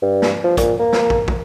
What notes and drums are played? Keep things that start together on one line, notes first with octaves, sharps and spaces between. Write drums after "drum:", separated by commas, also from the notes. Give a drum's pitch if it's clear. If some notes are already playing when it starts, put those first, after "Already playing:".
G2
drum: snare
F3
A#2, drum: kick, hi-hat
A#3
drum: snare
drum: kick
drum: kick